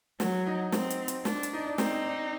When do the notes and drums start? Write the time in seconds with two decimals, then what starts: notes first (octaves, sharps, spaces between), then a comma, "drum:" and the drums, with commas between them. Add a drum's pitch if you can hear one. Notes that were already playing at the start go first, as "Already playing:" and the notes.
0.20 F#3 F#4, drum: snare
0.47 D#4
0.72 C4, drum: snare
0.90 drum: hi-hat
1.08 drum: hi-hat
1.25 D4, drum: snare
1.43 drum: hi-hat
1.53 D#4
1.66 D4
1.78 C4 D#4, drum: snare
2.05 D4